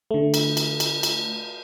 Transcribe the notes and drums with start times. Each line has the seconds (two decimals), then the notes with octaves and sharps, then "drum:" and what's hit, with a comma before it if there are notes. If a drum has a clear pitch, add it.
0.11 D3 A3
0.34 drum: cymbal
0.57 drum: cymbal
0.80 drum: cymbal
1.03 drum: cymbal